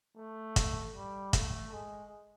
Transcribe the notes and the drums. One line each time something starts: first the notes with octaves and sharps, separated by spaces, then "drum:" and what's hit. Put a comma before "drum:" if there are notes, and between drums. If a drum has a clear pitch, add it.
A3
drum: kick, hi-hat
G3
A3, drum: kick, hi-hat
G#3